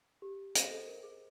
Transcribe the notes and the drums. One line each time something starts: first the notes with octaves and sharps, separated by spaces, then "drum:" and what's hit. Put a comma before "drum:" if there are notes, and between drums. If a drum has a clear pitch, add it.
G4
G#4 C5 D#5 G5, drum: hi-hat
A4
A#4
G#4